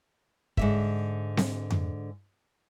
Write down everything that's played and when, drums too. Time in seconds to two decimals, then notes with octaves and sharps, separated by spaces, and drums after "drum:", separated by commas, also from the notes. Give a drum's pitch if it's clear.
0.57 G#2 D3 E5, drum: kick
1.37 drum: snare C4
1.71 drum: tom F2